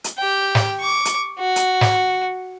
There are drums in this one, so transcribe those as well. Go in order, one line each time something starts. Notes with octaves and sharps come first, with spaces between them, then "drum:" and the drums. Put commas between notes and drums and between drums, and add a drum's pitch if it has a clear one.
drum: hi-hat
G4 G5
drum: snare
C#6 D6
drum: hi-hat
F#4
drum: hi-hat
drum: snare